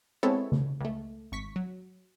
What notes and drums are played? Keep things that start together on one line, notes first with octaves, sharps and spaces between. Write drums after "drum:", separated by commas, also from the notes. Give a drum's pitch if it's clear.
G#3 B3 C4 E4 A4 C#5
drum: tom C#3
C#2 A3
G#1 C#6 B6
F#3